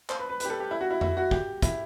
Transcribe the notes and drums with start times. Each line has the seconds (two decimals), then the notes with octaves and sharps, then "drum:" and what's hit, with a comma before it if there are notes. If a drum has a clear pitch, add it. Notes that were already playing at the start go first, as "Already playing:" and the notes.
0.09 C5, drum: clap
0.19 B4
0.30 B4
0.40 B4, drum: hi-hat
0.45 G4
0.50 A4
0.60 G4
0.71 E4
0.81 F#4
0.91 E4
1.01 E4, drum: tom F2
1.17 F#4
1.31 G4, drum: kick
1.62 E4, drum: kick, hi-hat